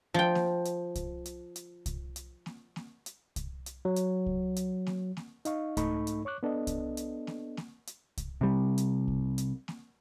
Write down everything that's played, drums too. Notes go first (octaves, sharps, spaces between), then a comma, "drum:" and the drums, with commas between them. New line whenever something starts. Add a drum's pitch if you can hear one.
F3 G5
drum: snare A#3
drum: hi-hat
drum: kick C2, hi-hat
drum: hi-hat
drum: hi-hat
drum: kick C2, hi-hat
drum: hi-hat
drum: snare A#3
drum: snare A#3
drum: hi-hat
drum: kick C2, hi-hat
drum: hi-hat
F#3
drum: hi-hat
drum: kick C2
drum: hi-hat
drum: snare A#3
drum: snare A#3
D#4 D#5 F5 C#6, drum: hi-hat
G#2 A3 D#4 A4 B5 C#6, drum: kick C2, hi-hat
drum: hi-hat
C#5 C#6 D6 F#6
B3 D4 A4 D#5
drum: kick C2, hi-hat
drum: hi-hat
drum: snare A#3
drum: snare A#3
drum: hi-hat
drum: kick C2, hi-hat
C3 G3
drum: hi-hat
drum: kick C2
drum: hi-hat
drum: snare A#3